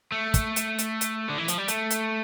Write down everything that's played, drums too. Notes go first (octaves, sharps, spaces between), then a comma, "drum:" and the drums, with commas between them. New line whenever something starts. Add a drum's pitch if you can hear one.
A3
drum: kick, hi-hat
drum: hi-hat
drum: hi-hat
drum: hi-hat
D3
E3
F3, drum: hi-hat
G3
A3, drum: hi-hat
drum: hi-hat